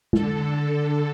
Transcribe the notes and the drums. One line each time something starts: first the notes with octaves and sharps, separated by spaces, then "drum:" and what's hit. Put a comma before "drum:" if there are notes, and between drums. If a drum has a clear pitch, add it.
D3 A4, drum: tom